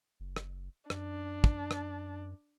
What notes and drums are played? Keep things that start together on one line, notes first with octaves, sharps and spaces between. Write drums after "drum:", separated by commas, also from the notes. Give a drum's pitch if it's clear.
F#1
drum: rim click
F#2 D4, drum: rim click
drum: kick
drum: rim click